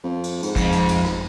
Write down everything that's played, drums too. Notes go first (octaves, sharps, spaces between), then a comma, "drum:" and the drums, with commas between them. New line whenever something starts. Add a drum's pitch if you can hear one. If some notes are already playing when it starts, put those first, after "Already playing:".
F2
drum: cymbal
G#2, drum: cymbal
F2, drum: kick, cymbal
drum: cymbal
drum: cymbal
drum: rim click